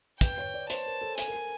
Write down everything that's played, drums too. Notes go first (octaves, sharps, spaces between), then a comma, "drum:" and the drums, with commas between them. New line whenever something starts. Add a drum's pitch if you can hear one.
B4 G5, drum: kick, hi-hat
C#5
D5
C5 A5, drum: hi-hat
A#4
A4
A4 G#5, drum: hi-hat
A#4
A4